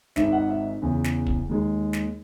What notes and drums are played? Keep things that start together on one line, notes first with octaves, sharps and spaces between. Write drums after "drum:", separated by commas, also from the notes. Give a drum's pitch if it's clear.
G#1 G#2 D#3 E5, drum: snare
F#5
E5
E2 C#3 E3
drum: snare
drum: kick
D#2 D#3 G#3
drum: snare